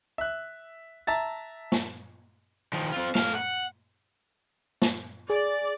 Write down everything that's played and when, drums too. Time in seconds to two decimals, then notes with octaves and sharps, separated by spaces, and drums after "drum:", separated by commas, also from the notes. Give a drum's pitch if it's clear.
0.18 E5 F#6
1.07 E5 A5 A#5 A6
1.72 drum: snare
2.73 D#3 F3
2.92 C4 F4
3.15 A3 F5, drum: snare
3.35 F#5
4.82 drum: snare
5.30 G#4 D5